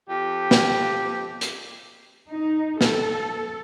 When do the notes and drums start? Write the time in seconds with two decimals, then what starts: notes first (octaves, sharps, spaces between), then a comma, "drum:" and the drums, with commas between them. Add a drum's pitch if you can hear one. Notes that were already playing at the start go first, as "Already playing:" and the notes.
0.08 F2 G4
0.51 drum: snare
1.41 drum: hi-hat
2.30 D#4
2.81 A4, drum: snare